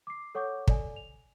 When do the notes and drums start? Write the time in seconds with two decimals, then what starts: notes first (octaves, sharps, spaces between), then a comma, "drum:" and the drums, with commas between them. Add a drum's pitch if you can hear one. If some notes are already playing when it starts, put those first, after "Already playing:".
0.07 D6 C7
0.35 A4 C#5 F#5 C#6 D6 G6
0.68 A4 D5 G#5, drum: kick
0.96 F7